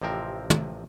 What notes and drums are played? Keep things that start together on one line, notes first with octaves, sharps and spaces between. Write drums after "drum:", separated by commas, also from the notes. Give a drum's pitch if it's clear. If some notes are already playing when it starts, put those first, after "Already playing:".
A1 C3 F3 C4 A#4
drum: tom